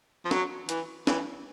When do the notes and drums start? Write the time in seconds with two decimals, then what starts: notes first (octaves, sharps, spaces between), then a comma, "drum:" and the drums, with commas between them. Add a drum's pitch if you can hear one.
0.25 F3
0.31 F#3, drum: snare
0.69 E3, drum: hi-hat
1.07 E3, drum: snare